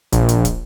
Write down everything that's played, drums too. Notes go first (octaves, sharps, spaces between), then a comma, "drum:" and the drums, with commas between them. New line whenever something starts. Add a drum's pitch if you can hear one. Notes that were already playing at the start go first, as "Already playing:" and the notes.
A#1, drum: hi-hat
drum: hi-hat
drum: kick, hi-hat